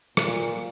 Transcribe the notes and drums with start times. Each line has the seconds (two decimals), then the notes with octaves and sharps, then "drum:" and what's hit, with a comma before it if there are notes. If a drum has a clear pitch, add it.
0.17 A#2, drum: rim click